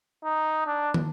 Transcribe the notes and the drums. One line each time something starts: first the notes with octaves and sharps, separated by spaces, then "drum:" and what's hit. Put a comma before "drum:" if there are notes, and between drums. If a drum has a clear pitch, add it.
D#4
D4
drum: tom